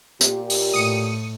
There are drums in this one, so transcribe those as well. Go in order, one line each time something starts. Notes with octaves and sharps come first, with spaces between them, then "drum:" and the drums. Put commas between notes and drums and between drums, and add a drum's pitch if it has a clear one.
A#2 G4, drum: hi-hat
drum: open hi-hat
A2 D#6 C#7 D#7